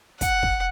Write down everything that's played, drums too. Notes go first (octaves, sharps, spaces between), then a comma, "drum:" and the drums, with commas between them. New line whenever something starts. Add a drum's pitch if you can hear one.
F#5, drum: kick, hi-hat
drum: kick